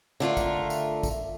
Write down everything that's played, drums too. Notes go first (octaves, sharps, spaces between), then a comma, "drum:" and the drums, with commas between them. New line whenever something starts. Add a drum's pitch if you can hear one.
D3 A3 F4 A#4
drum: kick, tambourine
drum: tambourine
drum: kick, tambourine